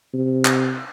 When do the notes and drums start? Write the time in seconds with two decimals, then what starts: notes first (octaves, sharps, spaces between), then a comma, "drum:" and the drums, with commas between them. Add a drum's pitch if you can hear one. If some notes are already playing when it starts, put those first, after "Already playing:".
0.14 C3
0.45 drum: clap